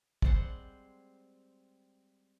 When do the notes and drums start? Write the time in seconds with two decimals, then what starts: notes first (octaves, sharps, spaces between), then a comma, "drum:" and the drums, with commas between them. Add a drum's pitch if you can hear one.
0.22 G3 G#3 C4 C5 F#5 A5, drum: kick